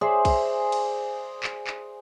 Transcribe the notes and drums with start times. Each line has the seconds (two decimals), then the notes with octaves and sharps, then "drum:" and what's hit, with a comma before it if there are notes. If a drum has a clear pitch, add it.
0.01 G#4 C5 D5 E5
0.25 drum: kick, cymbal
0.72 drum: cymbal
1.43 drum: clap
1.67 drum: clap